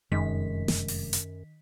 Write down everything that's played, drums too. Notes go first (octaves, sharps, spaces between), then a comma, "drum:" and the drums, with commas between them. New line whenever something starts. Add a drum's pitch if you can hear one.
F1 F#2 D#3 G#3 B6
drum: snare
drum: open hi-hat
drum: hi-hat